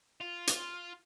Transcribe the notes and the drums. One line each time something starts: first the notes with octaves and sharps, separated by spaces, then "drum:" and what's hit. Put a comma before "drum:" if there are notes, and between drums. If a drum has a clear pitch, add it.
F4
drum: hi-hat